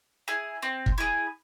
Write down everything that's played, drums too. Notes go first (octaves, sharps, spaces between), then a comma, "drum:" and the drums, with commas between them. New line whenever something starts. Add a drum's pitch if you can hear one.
E4 G#4
C4
drum: kick
E4 G#4